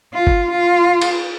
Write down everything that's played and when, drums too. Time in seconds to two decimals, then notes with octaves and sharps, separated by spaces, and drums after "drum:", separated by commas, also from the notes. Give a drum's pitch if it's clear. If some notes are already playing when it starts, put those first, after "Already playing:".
0.14 F4
0.27 drum: kick G1
0.51 F4
1.02 drum: cymbal